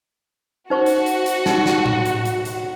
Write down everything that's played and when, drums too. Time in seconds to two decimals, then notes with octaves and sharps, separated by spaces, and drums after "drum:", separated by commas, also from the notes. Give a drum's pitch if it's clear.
0.70 D#4 F#4 C5 C#6
0.86 drum: hi-hat
1.06 drum: hi-hat
1.26 drum: hi-hat
1.46 D#4, drum: snare
1.66 drum: snare
1.86 drum: tom A2
2.06 drum: hi-hat
2.25 drum: hi-hat
2.45 drum: hi-hat